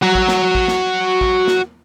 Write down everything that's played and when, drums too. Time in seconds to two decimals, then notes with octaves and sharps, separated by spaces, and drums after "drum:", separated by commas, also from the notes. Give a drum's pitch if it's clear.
0.02 F#4 A#5
0.15 drum: kick A1
0.28 drum: snare
0.55 drum: kick A1
0.68 drum: snare
1.21 drum: kick A1
1.48 drum: snare